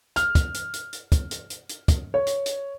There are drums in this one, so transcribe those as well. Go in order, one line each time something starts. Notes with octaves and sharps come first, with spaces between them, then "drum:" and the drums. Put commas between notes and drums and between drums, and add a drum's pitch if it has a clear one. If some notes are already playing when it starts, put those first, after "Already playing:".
F6, drum: hi-hat
drum: kick, hi-hat
drum: hi-hat
drum: hi-hat
drum: hi-hat
drum: kick, hi-hat
drum: hi-hat
drum: hi-hat
drum: hi-hat
drum: kick, hi-hat
C#5
drum: hi-hat
drum: hi-hat